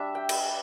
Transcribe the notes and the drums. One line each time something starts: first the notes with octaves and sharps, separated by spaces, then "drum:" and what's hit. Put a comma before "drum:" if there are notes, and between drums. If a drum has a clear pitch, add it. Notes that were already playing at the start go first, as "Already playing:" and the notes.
Already playing: G3 D4 E5
G5
drum: cymbal